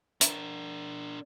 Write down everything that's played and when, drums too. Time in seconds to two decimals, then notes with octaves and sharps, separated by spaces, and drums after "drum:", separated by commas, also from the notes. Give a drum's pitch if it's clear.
0.21 D4 A#4, drum: hi-hat